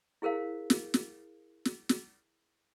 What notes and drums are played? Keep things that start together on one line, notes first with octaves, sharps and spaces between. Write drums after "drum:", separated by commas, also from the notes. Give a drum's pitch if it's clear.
E4 G#4 A#4 C5 F5
drum: snare
drum: snare
drum: snare
drum: snare